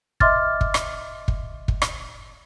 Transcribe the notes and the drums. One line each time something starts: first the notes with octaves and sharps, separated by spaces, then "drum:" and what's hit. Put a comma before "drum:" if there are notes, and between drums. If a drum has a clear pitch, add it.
D#5 E5 C6 D6 F6 A6, drum: kick
drum: kick
drum: rim click
drum: kick
drum: kick
drum: rim click